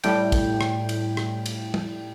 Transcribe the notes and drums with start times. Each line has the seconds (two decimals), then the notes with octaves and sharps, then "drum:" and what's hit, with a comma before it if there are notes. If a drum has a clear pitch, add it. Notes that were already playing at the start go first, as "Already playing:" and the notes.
0.04 A2 G3 G5, drum: cymbal
0.32 drum: kick, cymbal
0.61 drum: rim click
0.89 drum: cymbal
1.17 drum: rim click
1.46 drum: cymbal
1.74 drum: tom